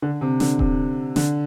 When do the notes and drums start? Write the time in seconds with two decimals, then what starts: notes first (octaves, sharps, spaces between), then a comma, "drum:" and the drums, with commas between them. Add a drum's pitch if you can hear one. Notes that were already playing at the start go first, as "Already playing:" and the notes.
0.02 D3
0.21 C3
0.40 D3, drum: snare
0.59 C3, drum: kick D#1
1.16 D3, drum: snare